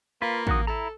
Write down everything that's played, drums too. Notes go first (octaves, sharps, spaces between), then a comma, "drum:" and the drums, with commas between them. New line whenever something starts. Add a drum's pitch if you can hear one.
A#3 F4 B4
D#3 F#4 D#6, drum: kick
E4 A4 A#5